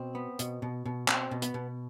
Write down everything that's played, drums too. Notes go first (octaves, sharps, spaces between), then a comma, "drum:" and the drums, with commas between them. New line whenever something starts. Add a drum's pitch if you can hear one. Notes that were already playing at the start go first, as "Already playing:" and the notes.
Already playing: B2 C4
B3
B2, drum: hi-hat
B2
B2
B2 C4, drum: clap
B2
B3, drum: hi-hat
B2